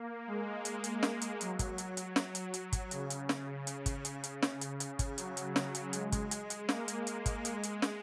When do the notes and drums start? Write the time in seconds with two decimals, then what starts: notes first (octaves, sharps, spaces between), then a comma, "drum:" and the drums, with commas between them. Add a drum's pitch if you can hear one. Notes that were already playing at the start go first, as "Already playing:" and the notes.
Already playing: A#3
0.27 G#3
0.65 G#3, drum: hi-hat
0.84 drum: hi-hat
1.03 drum: snare
1.21 drum: hi-hat
1.41 F#3, drum: hi-hat
1.59 drum: kick G#1, hi-hat
1.78 drum: hi-hat
1.97 drum: hi-hat
2.16 drum: snare
2.35 drum: hi-hat
2.54 drum: hi-hat
2.72 drum: kick G#1, hi-hat
2.91 C#3, drum: hi-hat
3.10 drum: hi-hat
3.29 drum: snare
3.67 drum: hi-hat
3.86 drum: kick G#1, hi-hat
4.05 drum: hi-hat
4.24 drum: hi-hat
4.42 drum: snare
4.61 drum: hi-hat
4.80 drum: hi-hat
4.99 drum: kick G#1, hi-hat
5.18 F#3, drum: hi-hat
5.37 drum: hi-hat
5.56 drum: snare
5.75 drum: hi-hat
5.93 G#3, drum: hi-hat
6.12 drum: kick G#1, hi-hat
6.31 drum: hi-hat
6.50 drum: hi-hat
6.69 A#3, drum: snare
6.88 drum: hi-hat
7.07 drum: hi-hat
7.26 drum: kick G#1, hi-hat
7.45 G#3, drum: hi-hat
7.63 drum: hi-hat
7.82 drum: snare